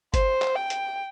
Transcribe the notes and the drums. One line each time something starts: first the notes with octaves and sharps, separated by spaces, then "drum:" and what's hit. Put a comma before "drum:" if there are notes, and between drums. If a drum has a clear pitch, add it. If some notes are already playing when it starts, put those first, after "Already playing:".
C5, drum: kick G1, hi-hat
drum: clap
G5
drum: hi-hat